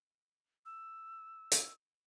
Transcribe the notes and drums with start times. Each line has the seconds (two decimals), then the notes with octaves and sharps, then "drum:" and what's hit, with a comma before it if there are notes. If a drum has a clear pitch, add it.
0.66 E6
1.52 drum: hi-hat